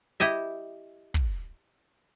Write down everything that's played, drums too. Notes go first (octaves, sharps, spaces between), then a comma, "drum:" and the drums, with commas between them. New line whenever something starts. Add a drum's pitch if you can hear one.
E4 G4 D#5 E5
drum: kick